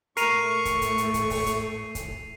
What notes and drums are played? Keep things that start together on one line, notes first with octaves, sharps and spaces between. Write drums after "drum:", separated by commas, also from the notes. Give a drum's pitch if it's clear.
A2 A3 A#4 C#6 C7 D#7 F7, drum: hi-hat
drum: kick, hi-hat
drum: hi-hat
drum: hi-hat
drum: kick, hi-hat
drum: kick, open hi-hat
drum: hi-hat
drum: kick, hi-hat